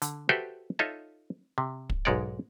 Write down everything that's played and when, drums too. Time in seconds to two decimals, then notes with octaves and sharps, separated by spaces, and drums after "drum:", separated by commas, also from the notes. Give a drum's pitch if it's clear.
0.02 D3, drum: hi-hat
0.29 F#4 G4 A4 B4 C5 E5
0.79 D#4 F4 A4 C#5 D#5 E5
1.58 C3
1.90 drum: kick
2.05 B1 G#2 G#3 C#5 D5